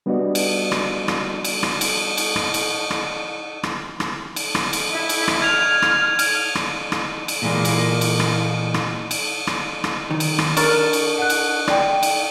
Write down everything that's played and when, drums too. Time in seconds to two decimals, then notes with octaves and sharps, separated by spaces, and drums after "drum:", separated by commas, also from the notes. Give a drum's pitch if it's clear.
0.06 G3 B3 D4 F#4 D5 D#5
0.35 drum: cymbal
0.72 drum: rim click
1.08 drum: rim click
1.44 drum: cymbal
1.63 drum: rim click
1.81 drum: cymbal
2.17 drum: cymbal
2.36 drum: rim click
2.54 drum: cymbal
2.90 drum: rim click
3.63 drum: rim click
4.00 drum: rim click
4.36 drum: cymbal
4.55 drum: rim click
4.73 drum: cymbal
4.92 E4
5.09 drum: cymbal
5.28 drum: rim click
5.42 F6 G#6 F7
5.82 drum: rim click
6.19 drum: cymbal
6.55 drum: rim click
6.92 drum: rim click
7.28 drum: cymbal
7.42 A#2 E3 G#3 A#3
7.65 drum: cymbal
8.01 drum: cymbal
8.20 drum: rim click
8.74 drum: rim click
9.11 drum: cymbal
9.47 drum: rim click
9.84 drum: rim click
10.11 D#3
10.20 drum: cymbal
10.38 drum: rim click
10.57 D4 A#4 C#6 F6 A6, drum: cymbal
10.93 drum: cymbal
11.18 F#5 F#6
11.30 drum: cymbal
11.67 D5 G5, drum: rim click
12.03 drum: cymbal